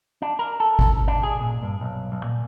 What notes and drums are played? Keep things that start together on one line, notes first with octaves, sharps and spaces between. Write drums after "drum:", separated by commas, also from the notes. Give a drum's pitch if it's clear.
D4
A#4
A4
drum: kick G#1
D4
G#4
A#2
G2
B1
B1
A#2